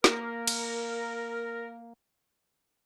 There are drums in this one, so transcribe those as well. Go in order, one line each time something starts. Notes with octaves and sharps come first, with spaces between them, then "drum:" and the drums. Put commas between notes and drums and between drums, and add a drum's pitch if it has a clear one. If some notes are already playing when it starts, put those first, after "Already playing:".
A#3 A#4, drum: snare
drum: cymbal